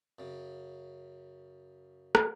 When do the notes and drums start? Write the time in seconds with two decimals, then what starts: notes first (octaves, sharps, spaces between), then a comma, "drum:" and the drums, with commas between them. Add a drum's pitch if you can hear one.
0.19 F#2 C#3
2.15 drum: rim click